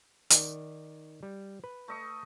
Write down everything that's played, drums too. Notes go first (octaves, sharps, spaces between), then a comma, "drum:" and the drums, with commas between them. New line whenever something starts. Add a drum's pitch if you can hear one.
D#3 D5, drum: hi-hat
G3
B4
A3 D#5 C#6